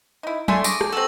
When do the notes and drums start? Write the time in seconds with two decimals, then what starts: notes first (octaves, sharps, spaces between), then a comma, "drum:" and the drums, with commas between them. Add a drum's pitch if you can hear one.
0.23 D#4 E4
0.48 A3 D4 G#5 C6, drum: tom F#3
0.64 G#4 C#6 D6 A#6, drum: tambourine
0.81 drum: rim click
0.92 C4 F#4 A4 E6 F#7